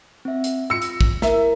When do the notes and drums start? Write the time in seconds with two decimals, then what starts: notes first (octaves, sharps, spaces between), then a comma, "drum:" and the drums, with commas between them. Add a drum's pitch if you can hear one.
0.25 C4 E5
0.44 drum: hi-hat
0.70 F4 E6 A#6 C#7
0.82 drum: hi-hat
1.01 drum: kick
1.22 E4 A#4 E5 A#5, drum: snare